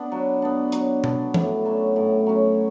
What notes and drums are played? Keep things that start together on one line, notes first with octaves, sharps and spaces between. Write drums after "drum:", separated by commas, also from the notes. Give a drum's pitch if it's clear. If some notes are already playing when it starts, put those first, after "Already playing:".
Already playing: B3 D4
F#3
B3 D4
F#3, drum: hi-hat
B3 D4, drum: tom B2
A2, drum: tom
F#3 C#4
A2
F#3 C#4